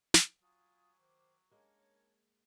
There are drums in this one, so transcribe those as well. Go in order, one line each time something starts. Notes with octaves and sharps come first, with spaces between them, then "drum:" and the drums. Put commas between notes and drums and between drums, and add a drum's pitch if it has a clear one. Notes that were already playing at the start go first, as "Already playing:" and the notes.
drum: snare
F#3 F4 G#5 D#6
D#3 C5 D6
G#3 A#3 C#4 D4 A#4 C#5